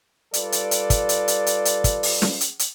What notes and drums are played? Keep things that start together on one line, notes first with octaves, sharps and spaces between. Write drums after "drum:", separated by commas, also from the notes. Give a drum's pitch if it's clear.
G3 F4 A4 B4 D5, drum: hi-hat
drum: hi-hat
drum: hi-hat
drum: kick, hi-hat
drum: hi-hat
drum: hi-hat
drum: hi-hat
drum: hi-hat
drum: kick, hi-hat
drum: open hi-hat
drum: snare
drum: hi-hat
drum: hi-hat